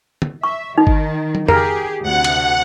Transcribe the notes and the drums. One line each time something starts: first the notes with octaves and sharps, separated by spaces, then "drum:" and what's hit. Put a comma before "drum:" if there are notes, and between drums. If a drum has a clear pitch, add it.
drum: tom
E5 C#6
D#3 D#4
drum: kick G1
drum: tom
G4 G#4 A#4, drum: tom F2
D2 C3 F#5
drum: cymbal